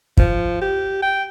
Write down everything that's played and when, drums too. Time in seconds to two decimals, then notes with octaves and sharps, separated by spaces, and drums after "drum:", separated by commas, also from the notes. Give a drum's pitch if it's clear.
0.17 F3, drum: kick
0.61 G4
1.02 G5